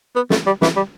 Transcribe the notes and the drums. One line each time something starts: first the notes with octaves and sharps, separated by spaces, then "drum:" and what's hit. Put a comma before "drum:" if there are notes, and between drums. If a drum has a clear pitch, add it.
B3
A3, drum: snare
G3
E3, drum: snare
G3